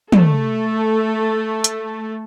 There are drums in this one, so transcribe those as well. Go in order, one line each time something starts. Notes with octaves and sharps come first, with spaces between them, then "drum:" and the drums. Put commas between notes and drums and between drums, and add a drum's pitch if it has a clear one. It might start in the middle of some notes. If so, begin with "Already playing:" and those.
A3 A4, drum: tom
drum: hi-hat